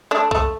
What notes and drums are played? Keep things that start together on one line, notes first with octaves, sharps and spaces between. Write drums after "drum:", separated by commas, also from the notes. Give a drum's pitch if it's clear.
A3 D4
A3, drum: kick B1